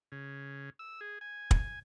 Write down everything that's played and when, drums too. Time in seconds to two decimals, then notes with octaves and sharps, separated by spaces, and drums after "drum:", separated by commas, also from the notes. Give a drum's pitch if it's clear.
0.12 C#3
0.79 E6
1.01 G#4
1.21 G#5
1.51 drum: kick